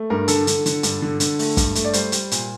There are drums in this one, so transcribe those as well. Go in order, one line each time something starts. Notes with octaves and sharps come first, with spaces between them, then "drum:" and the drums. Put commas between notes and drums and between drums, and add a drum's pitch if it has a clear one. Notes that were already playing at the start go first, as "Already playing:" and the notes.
Already playing: A3
G2 A#4
D3 A4, drum: hi-hat
D3, drum: hi-hat
D3, drum: hi-hat
G2, drum: hi-hat
D3
D3, drum: hi-hat
A3, drum: open hi-hat
G2, drum: kick, hi-hat
A3, drum: hi-hat
D5
G3 C5, drum: hi-hat
G3, drum: hi-hat
A#2, drum: hi-hat